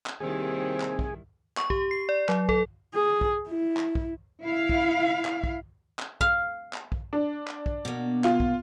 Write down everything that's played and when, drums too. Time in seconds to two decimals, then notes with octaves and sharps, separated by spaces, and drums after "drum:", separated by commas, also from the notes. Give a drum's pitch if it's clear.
0.06 drum: clap
0.20 D#2 C3 D#3 G3 C4 E4 G#4
0.80 drum: clap
0.99 drum: kick
1.57 C#6, drum: clap
1.70 G4, drum: kick
1.91 C7
2.09 D5
2.29 F#3, drum: clap
2.49 A4, drum: kick
2.94 G#4
3.21 drum: kick
3.49 E4
3.77 drum: clap
3.95 drum: kick
4.42 E4 F5
4.69 drum: kick
5.25 drum: clap
5.44 drum: kick
5.99 drum: clap
6.21 F5, drum: kick
6.73 drum: clap
6.92 drum: kick
7.13 D4
7.47 drum: clap
7.66 drum: kick
7.85 B2 A#3
8.24 F4, drum: clap
8.40 drum: kick